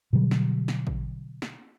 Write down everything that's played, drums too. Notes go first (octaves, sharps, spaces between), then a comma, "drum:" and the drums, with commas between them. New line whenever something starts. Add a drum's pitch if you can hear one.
B2 D3 F#3 G3
drum: snare
drum: snare
drum: kick A1
drum: snare